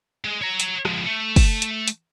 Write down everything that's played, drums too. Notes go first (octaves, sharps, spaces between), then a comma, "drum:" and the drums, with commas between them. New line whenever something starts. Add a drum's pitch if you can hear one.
G#3
C#5 A#5
drum: hi-hat
F3 G#3, drum: rim click
A3
drum: kick, open hi-hat
drum: hi-hat
drum: hi-hat